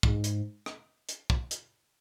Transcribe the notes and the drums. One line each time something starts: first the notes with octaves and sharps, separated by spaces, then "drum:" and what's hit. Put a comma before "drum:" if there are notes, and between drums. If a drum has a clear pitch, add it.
G#2, drum: kick
drum: hi-hat
drum: rim click
drum: hi-hat
drum: kick
drum: hi-hat